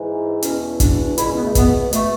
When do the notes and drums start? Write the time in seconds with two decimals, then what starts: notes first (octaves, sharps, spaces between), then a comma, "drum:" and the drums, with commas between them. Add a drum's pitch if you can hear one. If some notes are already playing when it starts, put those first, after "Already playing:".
Already playing: G#2 E3
0.42 E2 B2 C#4, drum: hi-hat
0.80 D4, drum: kick, hi-hat
1.18 C#2 B2 E4, drum: hi-hat
1.27 C#4
1.36 B3
1.46 A3
1.55 B3, drum: kick, hi-hat
1.93 B2 A3, drum: hi-hat